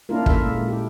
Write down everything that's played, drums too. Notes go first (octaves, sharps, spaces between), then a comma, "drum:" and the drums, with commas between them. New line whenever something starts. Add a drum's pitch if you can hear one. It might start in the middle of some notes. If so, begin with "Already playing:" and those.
A#3 C#4 D4 E4 F4 A#4
A4 A#4 E5, drum: kick
A#2 G#3
E4 G4